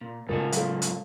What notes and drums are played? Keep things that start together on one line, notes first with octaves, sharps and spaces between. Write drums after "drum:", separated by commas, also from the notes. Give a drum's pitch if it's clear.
A#2
A2 C#3 G#3 F4 A4 A#4 D#5 G#5
F#3 F4 A4 F5, drum: hi-hat
drum: hi-hat